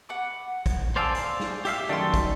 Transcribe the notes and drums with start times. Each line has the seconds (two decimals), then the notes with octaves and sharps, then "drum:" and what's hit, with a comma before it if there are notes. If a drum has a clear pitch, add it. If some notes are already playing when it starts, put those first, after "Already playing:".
0.09 F#5 B5 D6
0.66 drum: kick, hi-hat
0.96 C5 D5 F5 G#5 A5 E6
1.15 A#5, drum: hi-hat
1.40 drum: snare
1.65 G4 E5 F5, drum: hi-hat
1.89 F#2 D#3 A3 D5 G5 C6
2.14 drum: kick, hi-hat